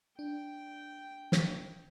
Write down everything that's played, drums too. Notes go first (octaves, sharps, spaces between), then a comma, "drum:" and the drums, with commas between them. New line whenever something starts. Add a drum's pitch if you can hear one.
D4 G5
drum: snare